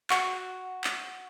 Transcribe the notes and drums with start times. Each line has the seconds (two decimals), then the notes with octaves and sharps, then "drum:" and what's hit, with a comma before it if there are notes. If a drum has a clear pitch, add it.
0.10 F#4, drum: clap
0.84 drum: clap